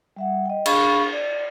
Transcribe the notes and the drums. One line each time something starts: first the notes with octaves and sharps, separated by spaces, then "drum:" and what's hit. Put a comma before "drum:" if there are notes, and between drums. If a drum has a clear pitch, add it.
G3 E5 F#5
D#5 G5
D4 G#4 F5 B5 C#6, drum: cymbal
D5